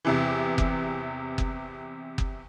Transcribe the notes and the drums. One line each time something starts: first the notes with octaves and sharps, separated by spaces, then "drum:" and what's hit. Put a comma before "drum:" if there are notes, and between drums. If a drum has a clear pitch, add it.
E2 C3 E3
drum: kick F#1
drum: kick F#1
drum: kick F#1